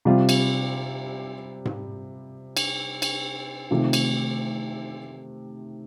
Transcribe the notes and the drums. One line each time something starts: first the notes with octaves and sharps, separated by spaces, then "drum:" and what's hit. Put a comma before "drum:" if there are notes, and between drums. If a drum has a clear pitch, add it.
C3 G3 C4 F4
drum: cymbal
drum: tom G#2
drum: cymbal
drum: cymbal
C3 D#3 A3 C4 F4
drum: cymbal